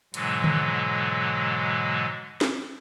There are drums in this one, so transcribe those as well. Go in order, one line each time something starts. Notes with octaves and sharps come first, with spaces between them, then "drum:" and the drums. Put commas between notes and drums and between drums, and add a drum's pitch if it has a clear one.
G#2 B2 D3 E3 F#3 G#3, drum: hi-hat
drum: tom D3
drum: snare